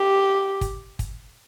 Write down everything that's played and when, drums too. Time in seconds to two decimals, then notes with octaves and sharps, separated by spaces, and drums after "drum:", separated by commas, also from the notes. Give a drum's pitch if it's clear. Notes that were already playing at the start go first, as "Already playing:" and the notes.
Already playing: G4
0.61 drum: kick, hi-hat
0.99 drum: kick, hi-hat